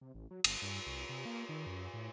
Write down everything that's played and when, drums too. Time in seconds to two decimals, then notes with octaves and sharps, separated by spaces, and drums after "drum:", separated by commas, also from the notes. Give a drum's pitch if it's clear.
0.01 C3
0.15 A1
0.31 F#3
0.44 G1, drum: cymbal
0.62 G2
0.87 C2
1.09 C3
1.25 A#3
1.49 D#3
1.66 F#2
1.94 A2